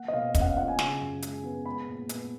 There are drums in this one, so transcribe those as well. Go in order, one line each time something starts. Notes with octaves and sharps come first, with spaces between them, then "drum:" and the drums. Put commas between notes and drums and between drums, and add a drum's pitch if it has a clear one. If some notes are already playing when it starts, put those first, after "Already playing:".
Already playing: A#3 F#5
D#5
B2 F5
C#4 D#5, drum: kick, hi-hat
F#5
F5
F4 F#5
G#5
C#3, drum: snare
F#2
G#3, drum: hi-hat
B3
G#3 B5
A#2
B3, drum: hi-hat